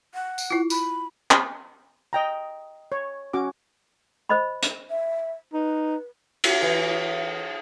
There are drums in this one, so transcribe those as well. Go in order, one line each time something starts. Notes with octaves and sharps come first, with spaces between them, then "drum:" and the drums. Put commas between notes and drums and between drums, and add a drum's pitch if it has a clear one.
F#5
drum: tambourine
E4 F4
B5, drum: tambourine
drum: clap
D#5 G5 A#5
C#5
C#4 F#4 D6
C5 D#5 B5
drum: hi-hat
E5
D#4 B4
drum: cymbal
E3